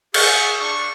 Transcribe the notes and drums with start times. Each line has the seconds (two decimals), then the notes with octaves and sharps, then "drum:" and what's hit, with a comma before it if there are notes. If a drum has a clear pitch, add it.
0.14 G#4 E5 F#5 C#6, drum: cymbal
0.59 D4 C#6